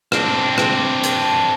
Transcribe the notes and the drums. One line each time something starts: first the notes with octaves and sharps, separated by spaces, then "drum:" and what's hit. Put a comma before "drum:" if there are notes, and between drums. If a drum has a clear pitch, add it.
C4 D4, drum: rim click
drum: rim click
drum: hi-hat